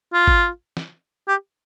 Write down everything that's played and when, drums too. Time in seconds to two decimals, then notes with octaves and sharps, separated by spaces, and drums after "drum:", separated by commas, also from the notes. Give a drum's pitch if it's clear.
0.13 F4
0.28 drum: kick G#1
0.77 drum: snare
1.28 G4